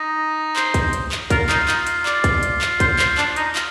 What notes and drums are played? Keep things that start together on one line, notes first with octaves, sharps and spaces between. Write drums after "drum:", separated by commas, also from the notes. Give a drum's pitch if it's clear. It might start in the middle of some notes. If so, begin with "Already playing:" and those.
Already playing: D#4
C5, drum: clap
drum: kick, hi-hat
drum: hi-hat
drum: clap
F4 A#4, drum: kick, hi-hat
D#4, drum: clap
D#4, drum: clap
drum: hi-hat
D5, drum: clap
drum: kick, hi-hat
drum: hi-hat
drum: clap
C5, drum: kick, hi-hat
C5, drum: clap
D4, drum: clap
D#4, drum: hi-hat
F4, drum: clap